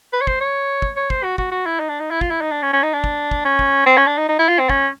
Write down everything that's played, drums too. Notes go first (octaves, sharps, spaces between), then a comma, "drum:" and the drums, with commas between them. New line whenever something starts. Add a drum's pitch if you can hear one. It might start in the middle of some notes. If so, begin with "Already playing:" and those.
B4
C#5
C5, drum: kick
C#5
drum: kick
C#5
C5, drum: kick
F#4
F#4, drum: kick
F#4
E4
D#4
D4
D#4
E4
F4, drum: kick
E4
D#4
D4
C#4
C#4
D#4
D4
drum: kick
drum: kick
C#4
drum: kick
C4
C#4
D4
D#4
D#4
E4
F4
C4
C#4, drum: kick